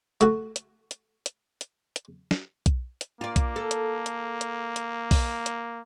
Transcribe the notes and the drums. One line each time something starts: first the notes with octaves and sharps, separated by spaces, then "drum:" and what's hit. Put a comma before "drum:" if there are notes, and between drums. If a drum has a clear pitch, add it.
A3 F#4, drum: hi-hat
drum: hi-hat
drum: hi-hat
drum: hi-hat
drum: hi-hat
drum: hi-hat
drum: snare
drum: kick B1, hi-hat
drum: hi-hat
A#3 F4 D5
drum: kick B1, hi-hat
A4
drum: hi-hat
drum: hi-hat
drum: hi-hat
drum: hi-hat
drum: kick B1, open hi-hat
drum: hi-hat